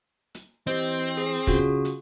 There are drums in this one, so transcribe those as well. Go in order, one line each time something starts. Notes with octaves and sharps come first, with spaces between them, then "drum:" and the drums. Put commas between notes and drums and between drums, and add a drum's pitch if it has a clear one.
drum: hi-hat
E3 C4 G4 C5 D#5
G#4 C7
C#3 F4 F#4 G#4, drum: kick, hi-hat
drum: hi-hat